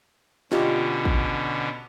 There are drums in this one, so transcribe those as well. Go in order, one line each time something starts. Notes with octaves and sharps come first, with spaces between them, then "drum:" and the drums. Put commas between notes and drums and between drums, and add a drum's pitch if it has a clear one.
B2 D3 C#4 F4 G4 D#5, drum: snare
drum: kick